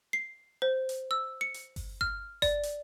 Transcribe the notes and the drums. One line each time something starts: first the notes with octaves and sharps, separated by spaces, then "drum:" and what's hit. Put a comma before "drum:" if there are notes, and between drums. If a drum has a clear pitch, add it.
C7
C5
drum: hi-hat
E6
C#7
drum: hi-hat
drum: kick G1, open hi-hat
F6, drum: kick G1
D5, drum: kick G1, hi-hat
drum: hi-hat